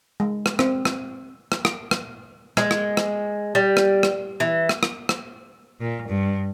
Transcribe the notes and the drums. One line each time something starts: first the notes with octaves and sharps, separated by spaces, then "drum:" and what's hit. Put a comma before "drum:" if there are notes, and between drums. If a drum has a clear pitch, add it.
G#3
drum: rim click
C4, drum: rim click
drum: rim click
drum: rim click
drum: rim click
drum: rim click
G#3, drum: rim click
drum: rim click
drum: rim click
G3
drum: rim click
drum: rim click
E3
drum: rim click
drum: rim click
drum: rim click
A#2
G2